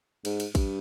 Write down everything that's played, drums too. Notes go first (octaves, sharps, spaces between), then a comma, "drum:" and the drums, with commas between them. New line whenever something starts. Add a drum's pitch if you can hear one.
G#2, drum: cymbal
drum: cymbal
G2, drum: kick A1, cymbal